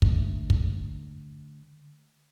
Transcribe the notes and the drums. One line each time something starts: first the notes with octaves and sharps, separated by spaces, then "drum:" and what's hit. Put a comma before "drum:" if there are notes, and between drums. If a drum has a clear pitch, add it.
D3 A3, drum: kick
drum: kick